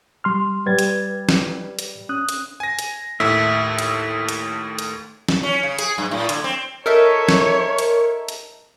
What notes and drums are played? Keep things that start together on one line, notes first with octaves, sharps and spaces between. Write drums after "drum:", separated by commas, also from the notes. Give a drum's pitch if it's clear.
G3 C6 F6
G3 B4 G#6 A6
drum: hi-hat
drum: snare
drum: hi-hat
C#4 D#6 F#6
drum: hi-hat
G#5 A#6
drum: hi-hat
D#2 A2 E5
drum: hi-hat
drum: hi-hat
drum: hi-hat
drum: snare
C#4
C#3
G#4, drum: hi-hat
G2
A2
D3, drum: hi-hat
C4
D#4 A4 A#4 C#5 E5
drum: snare
drum: hi-hat
drum: hi-hat